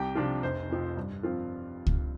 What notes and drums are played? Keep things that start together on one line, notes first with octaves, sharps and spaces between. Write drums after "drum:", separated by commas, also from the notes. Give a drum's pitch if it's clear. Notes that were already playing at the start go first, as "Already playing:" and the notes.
Already playing: C2 G4 G5
C3 F3 D4 F4
F1 C5
F2 F3 C4
G2
F3 C4 F4
drum: kick C#2